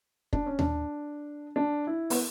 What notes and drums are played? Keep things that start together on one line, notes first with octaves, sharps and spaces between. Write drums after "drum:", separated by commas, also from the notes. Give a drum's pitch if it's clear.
D4, drum: kick
C#4
D4, drum: tom D#2
D4
E4
B3, drum: open hi-hat